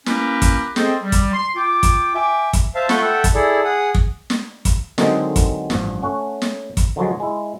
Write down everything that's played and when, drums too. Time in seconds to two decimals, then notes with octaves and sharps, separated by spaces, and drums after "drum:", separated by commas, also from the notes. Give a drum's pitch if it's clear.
0.06 A#3 C#4 E4 G4 A#4 B4, drum: snare
0.42 drum: kick, hi-hat
0.76 C4 G#4 A4 C5 D#5 G5, drum: snare
1.03 G3
1.12 drum: kick, hi-hat
1.33 C6
1.56 F4 G5 D6
1.83 drum: kick, hi-hat
2.14 E5 G5 G#5 D6
2.53 drum: kick, hi-hat
2.75 C5 E5 F5 A5
2.89 A3 F4 F#5 B5 C#6 G6, drum: snare
3.01 A4 E5 F#5 G5
3.24 drum: kick, hi-hat
3.34 E4 G#4 A4 D5
3.64 G#4 F#5 D#6
3.95 drum: kick
4.30 drum: snare
4.65 drum: kick, hi-hat
4.98 D3 D#3 F#3 G#3 C4 D#4, drum: snare
5.36 drum: kick, hi-hat
5.70 A1 G2 F3, drum: snare
6.02 A3 C#4 F#5
6.42 drum: snare
6.77 drum: kick, hi-hat
6.96 D3 F3 F#3 G#3
7.20 G#3 E4